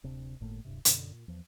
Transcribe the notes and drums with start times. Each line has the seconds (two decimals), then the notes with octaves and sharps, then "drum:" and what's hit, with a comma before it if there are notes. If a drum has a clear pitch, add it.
0.03 D1 C3 D4
0.40 G1 A2 A3 A#3
0.65 D1 G2 C3
0.85 F#2 B2 D3, drum: hi-hat
1.11 A#2
1.28 E2 F3